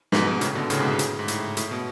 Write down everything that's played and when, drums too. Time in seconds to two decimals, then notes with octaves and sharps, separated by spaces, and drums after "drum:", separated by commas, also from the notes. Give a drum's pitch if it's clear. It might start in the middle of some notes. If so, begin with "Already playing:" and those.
0.12 G#2 B2, drum: snare
0.27 G#2 B2
0.41 A2 C#3, drum: hi-hat
0.55 B2 D3
0.70 A2 C#3, drum: hi-hat
0.79 G#2 B2
0.89 A2
0.99 drum: hi-hat
1.19 G#2
1.28 A2, drum: hi-hat
1.57 A2, drum: hi-hat
1.71 B2